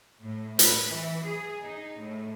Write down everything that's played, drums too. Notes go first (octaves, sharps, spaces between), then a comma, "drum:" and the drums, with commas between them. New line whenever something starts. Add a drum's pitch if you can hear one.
A2
B4, drum: hi-hat
E3
G#4
D#4
A2